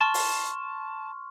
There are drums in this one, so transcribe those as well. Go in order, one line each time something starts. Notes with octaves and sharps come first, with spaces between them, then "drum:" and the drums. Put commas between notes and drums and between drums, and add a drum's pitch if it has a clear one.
A5 C6 C#6 F6
drum: open hi-hat